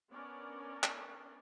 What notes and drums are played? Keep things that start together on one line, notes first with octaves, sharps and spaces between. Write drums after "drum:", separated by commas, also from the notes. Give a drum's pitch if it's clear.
B3 C#4 D4 A#4 D5
drum: clap